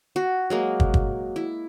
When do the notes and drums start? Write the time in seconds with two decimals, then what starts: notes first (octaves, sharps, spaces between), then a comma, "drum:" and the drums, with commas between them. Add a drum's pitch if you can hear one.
0.16 F#4
0.50 F#3 G#3 A#3
0.80 drum: kick
0.94 drum: kick
1.36 E4